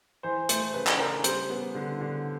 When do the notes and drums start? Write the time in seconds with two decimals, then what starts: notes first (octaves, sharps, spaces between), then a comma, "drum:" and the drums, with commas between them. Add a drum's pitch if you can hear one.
0.23 E3 C5
0.49 A3 C5, drum: hi-hat
0.74 C#3 B4
0.87 drum: clap
0.99 D4 A#4
1.24 G3 C5, drum: hi-hat
1.50 B3
1.75 D3
2.01 D3